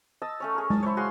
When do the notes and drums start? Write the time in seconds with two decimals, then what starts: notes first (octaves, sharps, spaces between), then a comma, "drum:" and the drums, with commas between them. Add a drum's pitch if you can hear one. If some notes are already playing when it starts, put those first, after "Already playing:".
0.22 D#5 A5 E6
0.40 A3 C#4 C#5
0.55 G#4 A#4
0.70 A5, drum: tom G#3
0.83 E4 C5 C#5
0.97 F#4 G#4 F5 C6